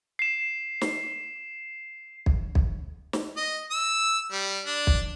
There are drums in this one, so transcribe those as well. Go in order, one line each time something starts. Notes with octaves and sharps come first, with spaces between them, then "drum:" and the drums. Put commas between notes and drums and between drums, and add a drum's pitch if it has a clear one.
C7 E7
drum: snare
drum: kick B1
drum: kick B1
drum: snare
D#5
E6
G3
D4
drum: kick B1